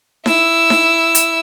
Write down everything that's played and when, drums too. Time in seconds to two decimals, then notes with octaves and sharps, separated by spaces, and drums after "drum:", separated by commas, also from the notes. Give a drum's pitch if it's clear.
0.26 E4 E6, drum: snare D#4
0.70 drum: snare D#4
1.15 drum: hi-hat